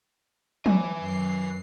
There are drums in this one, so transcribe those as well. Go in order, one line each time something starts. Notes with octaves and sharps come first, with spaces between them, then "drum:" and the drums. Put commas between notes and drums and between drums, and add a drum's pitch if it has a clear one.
B4 G#5, drum: tom F3
F#2 C7